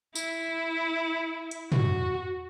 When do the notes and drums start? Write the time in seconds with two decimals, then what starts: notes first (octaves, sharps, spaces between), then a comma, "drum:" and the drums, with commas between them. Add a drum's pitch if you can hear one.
0.15 E4, drum: tambourine
1.51 drum: hi-hat
1.72 F#4, drum: tom